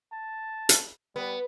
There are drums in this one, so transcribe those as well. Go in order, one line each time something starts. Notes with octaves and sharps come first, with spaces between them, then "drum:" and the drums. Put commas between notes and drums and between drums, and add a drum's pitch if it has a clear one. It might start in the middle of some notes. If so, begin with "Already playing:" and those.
A5
drum: hi-hat
G3 B3